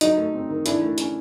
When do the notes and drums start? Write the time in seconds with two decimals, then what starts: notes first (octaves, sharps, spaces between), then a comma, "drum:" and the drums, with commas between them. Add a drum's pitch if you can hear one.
0.01 F#3 D#4, drum: hi-hat
0.18 A3
0.34 C4
0.49 D#3
0.66 E3 D4 E4, drum: hi-hat
0.82 A3
0.98 C#4, drum: hi-hat